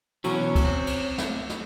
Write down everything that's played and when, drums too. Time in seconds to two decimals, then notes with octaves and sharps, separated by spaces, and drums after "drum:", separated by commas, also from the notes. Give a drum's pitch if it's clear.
0.24 B2 E3 F#3 C#4 C#5, drum: cymbal
0.55 drum: kick, cymbal
0.64 C4
0.87 drum: cymbal
1.18 drum: snare
1.50 drum: snare